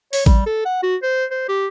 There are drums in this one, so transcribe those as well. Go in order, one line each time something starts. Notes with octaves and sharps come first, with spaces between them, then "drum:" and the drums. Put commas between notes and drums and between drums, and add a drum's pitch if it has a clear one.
C#5, drum: open hi-hat
G3, drum: kick A1
A4
F#5
F#4
C5
C5
G4